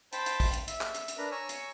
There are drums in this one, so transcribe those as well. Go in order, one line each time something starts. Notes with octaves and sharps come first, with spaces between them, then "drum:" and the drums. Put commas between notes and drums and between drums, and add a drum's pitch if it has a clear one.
C5 G5 A5 B5, drum: hi-hat
drum: hi-hat
drum: kick, open hi-hat
drum: hi-hat
E5, drum: hi-hat
drum: clap
drum: hi-hat
drum: hi-hat
D4 A#4 B4 A#5
C#5 G#5 A#5 C#6 E6
drum: hi-hat